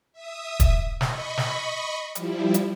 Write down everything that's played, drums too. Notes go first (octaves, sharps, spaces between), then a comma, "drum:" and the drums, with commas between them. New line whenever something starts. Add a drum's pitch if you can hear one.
E5 D#6
drum: kick, hi-hat
D#5 B5 C#6, drum: snare
drum: snare
F3 G3 E4, drum: hi-hat
drum: hi-hat